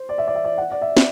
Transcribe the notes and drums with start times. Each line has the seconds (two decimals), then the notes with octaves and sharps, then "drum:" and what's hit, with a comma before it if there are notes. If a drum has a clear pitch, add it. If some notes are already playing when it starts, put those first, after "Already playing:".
Already playing: C5
0.09 D5
0.18 E5
0.27 D5
0.35 E5
0.44 D5
0.58 F#5
0.71 D5
0.82 E5
0.97 D5, drum: snare